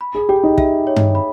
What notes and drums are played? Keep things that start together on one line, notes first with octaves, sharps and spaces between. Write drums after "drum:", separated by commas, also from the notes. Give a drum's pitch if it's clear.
B5
G#4
G4 G5
D#4
E5, drum: kick
C#5
drum: tom G2
B5